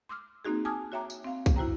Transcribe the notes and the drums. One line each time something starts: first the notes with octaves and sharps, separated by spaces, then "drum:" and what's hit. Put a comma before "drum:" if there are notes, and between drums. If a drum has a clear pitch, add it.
C6 D6 E6 F6
A#3 C4 D#4 F#4 G#4
G#5 A5 D6 D#6 F6 G#6
F#4 C#5 E5 G5 A#5 D6
drum: tambourine
C4 F5
drum: kick B1, tambourine
E4 F#4 C5 G5 A#5